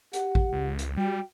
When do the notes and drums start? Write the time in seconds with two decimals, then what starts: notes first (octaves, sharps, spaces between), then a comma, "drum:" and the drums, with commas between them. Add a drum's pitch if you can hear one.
0.13 G4 F#5, drum: hi-hat
0.35 drum: kick A1
0.52 C#2
0.79 drum: hi-hat
0.97 G3 F#4 G5